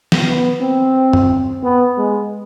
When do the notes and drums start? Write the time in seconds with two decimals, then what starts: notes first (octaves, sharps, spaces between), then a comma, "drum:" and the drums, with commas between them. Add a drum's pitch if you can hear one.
0.12 drum: snare
0.26 B3
0.61 C4
1.13 drum: tom F#2
1.63 B3
1.97 G#3